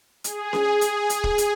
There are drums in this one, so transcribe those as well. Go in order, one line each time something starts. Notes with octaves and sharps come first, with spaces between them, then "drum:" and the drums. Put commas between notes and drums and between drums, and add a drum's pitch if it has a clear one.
G#4, drum: hi-hat
drum: snare C#4
drum: hi-hat
drum: hi-hat
drum: kick
drum: hi-hat